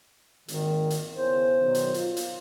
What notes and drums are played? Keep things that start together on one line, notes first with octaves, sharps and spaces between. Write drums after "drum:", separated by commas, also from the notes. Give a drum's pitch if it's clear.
G#1 A#2 D#3, drum: hi-hat
drum: hi-hat
E2 C#3 C5
B2 D#3 F#3
drum: hi-hat
F4, drum: hi-hat
drum: hi-hat